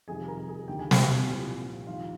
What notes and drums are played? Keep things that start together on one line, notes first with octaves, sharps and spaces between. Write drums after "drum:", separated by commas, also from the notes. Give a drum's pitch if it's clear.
F2 C3 D#3 G3 G#4 G#5
A#4 A#5
G#4 G#5
D#2 D3 G3 G5
G#5
G4 G5, drum: snare
C2 A#2 F3
F2 D#3 G3 F4 F5